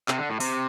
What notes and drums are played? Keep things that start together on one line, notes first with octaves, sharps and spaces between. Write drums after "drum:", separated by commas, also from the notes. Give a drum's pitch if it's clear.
C3, drum: clap
D3
A2
C3, drum: open hi-hat